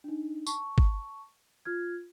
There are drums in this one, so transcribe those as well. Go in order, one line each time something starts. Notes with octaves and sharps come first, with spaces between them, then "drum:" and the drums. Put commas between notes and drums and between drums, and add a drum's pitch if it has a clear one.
D4 D#4
A5 C#6, drum: tambourine
drum: kick
F4 F6 G#6